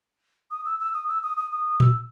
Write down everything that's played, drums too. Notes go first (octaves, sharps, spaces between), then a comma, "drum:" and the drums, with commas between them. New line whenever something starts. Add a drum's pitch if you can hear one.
D#6
E6
E6
D#6
E6
D#6
D#6
D#6
D#6
E6, drum: tom A#2